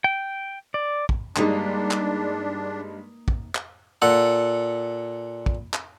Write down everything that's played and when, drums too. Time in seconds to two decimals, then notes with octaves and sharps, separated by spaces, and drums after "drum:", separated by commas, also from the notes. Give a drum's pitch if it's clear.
0.04 G5
0.74 D5
1.09 drum: kick
1.36 G2 G3 G#3 A#3 D4 D#4, drum: clap
1.91 drum: clap
3.28 drum: kick
3.55 drum: clap
4.02 A#2 A4 F#5
5.46 drum: kick
5.74 drum: clap